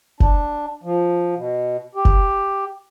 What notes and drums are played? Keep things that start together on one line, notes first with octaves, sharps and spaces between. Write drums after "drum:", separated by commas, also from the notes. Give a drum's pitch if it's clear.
D4, drum: kick F#1
F3
B2
G4
drum: kick F#1